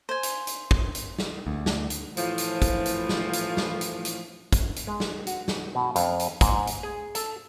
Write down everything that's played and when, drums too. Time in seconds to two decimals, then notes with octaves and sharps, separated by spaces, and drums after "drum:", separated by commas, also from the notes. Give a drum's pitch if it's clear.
0.09 C5 G#5
0.23 drum: hi-hat
0.47 drum: hi-hat
0.71 drum: kick
0.95 drum: hi-hat
1.19 drum: snare
1.47 D2
1.66 drum: snare
1.90 drum: hi-hat
2.17 A2 E3 F3, drum: hi-hat
2.38 drum: hi-hat
2.62 drum: kick, hi-hat
2.86 drum: hi-hat
3.09 drum: snare
3.33 drum: hi-hat
3.57 drum: snare
3.81 drum: hi-hat
4.05 drum: hi-hat
4.52 drum: kick, hi-hat
4.76 drum: hi-hat
4.87 G#3
5.00 drum: snare
5.27 F#4, drum: hi-hat
5.48 drum: snare
5.75 B2
5.96 F2, drum: hi-hat
6.19 drum: hi-hat
6.41 G#2, drum: kick, hi-hat
6.67 drum: hi-hat
6.83 G#4
7.15 A4, drum: hi-hat